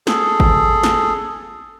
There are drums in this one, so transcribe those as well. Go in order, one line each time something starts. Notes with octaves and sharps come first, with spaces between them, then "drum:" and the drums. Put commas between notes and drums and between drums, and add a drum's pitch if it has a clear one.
G#4 A4, drum: snare
drum: kick
drum: snare